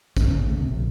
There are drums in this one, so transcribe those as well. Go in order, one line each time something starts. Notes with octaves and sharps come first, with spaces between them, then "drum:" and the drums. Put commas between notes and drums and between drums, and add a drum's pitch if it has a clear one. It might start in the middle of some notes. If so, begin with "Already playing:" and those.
C#4, drum: kick A1, tambourine
C#3
D2
C3
A#1